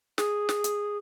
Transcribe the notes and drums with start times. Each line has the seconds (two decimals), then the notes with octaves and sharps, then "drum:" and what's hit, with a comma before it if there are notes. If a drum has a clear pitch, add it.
0.18 G#4, drum: snare
0.49 drum: snare
0.64 drum: hi-hat